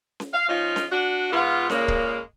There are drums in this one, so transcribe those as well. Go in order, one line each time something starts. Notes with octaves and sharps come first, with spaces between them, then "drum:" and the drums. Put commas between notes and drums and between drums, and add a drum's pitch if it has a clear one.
drum: snare C#4
F5
F3 C#4 D#4 F4
drum: snare C#4
D4 F#4
G#2 B3 F4
A#2 C#3 G#3 A#3, drum: snare C#4
drum: kick C#1